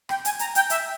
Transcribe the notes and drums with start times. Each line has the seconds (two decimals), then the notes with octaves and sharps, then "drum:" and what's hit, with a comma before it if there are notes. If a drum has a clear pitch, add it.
0.09 G5, drum: rim click
0.25 G#5, drum: hi-hat
0.39 A#5, drum: hi-hat
0.55 G5, drum: hi-hat
0.70 E5, drum: hi-hat